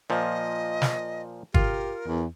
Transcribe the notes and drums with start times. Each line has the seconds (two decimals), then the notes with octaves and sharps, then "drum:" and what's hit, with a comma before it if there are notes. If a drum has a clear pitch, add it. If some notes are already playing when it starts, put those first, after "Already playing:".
0.10 A#2 F3 D#5
0.82 drum: snare
1.54 F4 G4 A#4, drum: kick
2.07 E2